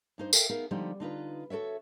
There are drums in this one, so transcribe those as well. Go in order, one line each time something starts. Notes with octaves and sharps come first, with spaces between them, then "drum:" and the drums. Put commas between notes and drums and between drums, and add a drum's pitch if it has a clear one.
G2 D#4 C5
A4 A#4 E5 F5 G5 A5, drum: tambourine
B3 D#4 G#4 A#4 F5
D3 F3 G3 G#3 B3 D#4
D3 D#4 F4 B4
F#4 A4 B4 C#5 E5